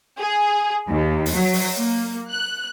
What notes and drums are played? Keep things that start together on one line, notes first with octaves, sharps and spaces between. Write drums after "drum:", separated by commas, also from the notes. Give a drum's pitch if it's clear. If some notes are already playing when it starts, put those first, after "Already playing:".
G#4
D#2
drum: open hi-hat
F#3
drum: open hi-hat
A#3
F#6